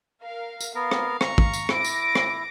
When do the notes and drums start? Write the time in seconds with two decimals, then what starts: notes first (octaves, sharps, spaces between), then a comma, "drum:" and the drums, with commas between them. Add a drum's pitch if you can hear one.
0.23 A#4 F5
0.60 drum: tambourine
0.75 B3 A#4 F5
0.91 drum: rim click
1.21 A#5 C#6, drum: rim click
1.38 drum: kick
1.53 drum: tambourine
1.69 E4 D6 A#6 D7, drum: rim click
1.84 drum: tambourine
2.15 drum: rim click